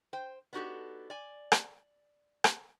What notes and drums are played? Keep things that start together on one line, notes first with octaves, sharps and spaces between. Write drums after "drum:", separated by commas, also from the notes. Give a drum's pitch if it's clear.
C5 G5
B3 D4 D#4 F#4 G4 A4
D5 G#5
drum: rim click
drum: rim click